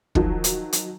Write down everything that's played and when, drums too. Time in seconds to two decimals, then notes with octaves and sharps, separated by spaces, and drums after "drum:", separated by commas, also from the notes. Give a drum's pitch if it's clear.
0.15 D#3 F3 F#3, drum: kick
0.44 drum: hi-hat
0.73 drum: hi-hat